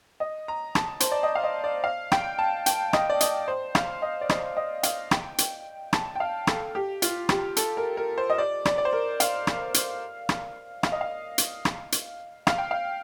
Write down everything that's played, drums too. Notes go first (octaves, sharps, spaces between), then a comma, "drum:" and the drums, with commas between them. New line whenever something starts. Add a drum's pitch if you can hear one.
D#5
A#5
A5, drum: rim click
C5, drum: hi-hat
D5
D#5
F5
D#5
D5
F5
G5, drum: rim click
A5
G5, drum: hi-hat
D#5, drum: rim click
D5
D#5, drum: hi-hat
C5
F5, drum: rim click
D#5
D5
D#5, drum: rim click
D#5
F5, drum: hi-hat
G5, drum: rim click
drum: hi-hat
A5, drum: rim click
G5
F5
A4, drum: rim click
G4
F4, drum: hi-hat
G4, drum: rim click
A4, drum: hi-hat
A#4
A#4
C5
D#5
D5
D5, drum: rim click
D5
C5
A#4
F5, drum: hi-hat
drum: rim click
drum: hi-hat
drum: rim click
F5, drum: rim click
D#5
F5
drum: hi-hat
drum: rim click
drum: hi-hat
F5, drum: rim click
G5
F5